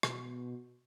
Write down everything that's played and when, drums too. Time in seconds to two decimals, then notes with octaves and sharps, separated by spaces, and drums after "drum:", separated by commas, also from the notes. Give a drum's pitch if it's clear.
0.03 B2, drum: rim click